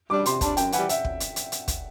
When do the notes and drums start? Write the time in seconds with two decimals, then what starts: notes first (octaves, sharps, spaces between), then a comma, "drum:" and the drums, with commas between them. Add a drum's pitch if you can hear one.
0.10 G3 D4 D6
0.26 C3 C6, drum: hi-hat
0.41 G3 D4 A5, drum: kick, hi-hat
0.57 F#2 G5, drum: hi-hat
0.72 E3 G3 F#5, drum: hi-hat
0.89 E5, drum: hi-hat
1.05 drum: kick
1.20 drum: hi-hat
1.36 drum: hi-hat
1.52 drum: hi-hat
1.68 drum: kick, hi-hat